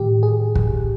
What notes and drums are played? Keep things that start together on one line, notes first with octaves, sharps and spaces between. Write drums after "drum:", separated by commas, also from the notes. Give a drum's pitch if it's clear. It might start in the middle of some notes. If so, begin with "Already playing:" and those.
Already playing: A2 D#3 G4
G#4
drum: kick